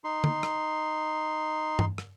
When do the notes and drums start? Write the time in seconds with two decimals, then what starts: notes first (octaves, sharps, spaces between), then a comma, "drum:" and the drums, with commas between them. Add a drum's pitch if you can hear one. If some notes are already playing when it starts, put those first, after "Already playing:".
0.04 D#4 C6
0.24 drum: tom
0.43 drum: rim click
1.79 drum: tom G2
1.98 drum: rim click